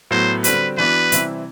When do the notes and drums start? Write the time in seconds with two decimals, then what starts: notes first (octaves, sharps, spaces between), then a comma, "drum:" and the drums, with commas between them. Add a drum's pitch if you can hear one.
0.11 A2 F#3 B3 C5
0.44 D3 G3 C4 F#4 B4, drum: hi-hat
0.78 E3 B3 D4 F#4 B4
1.12 C3 E3 G3 C4 E4, drum: hi-hat